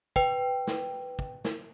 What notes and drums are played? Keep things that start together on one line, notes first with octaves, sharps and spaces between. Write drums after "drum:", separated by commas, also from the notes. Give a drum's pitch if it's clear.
B4 G5, drum: kick
drum: snare
drum: kick
drum: snare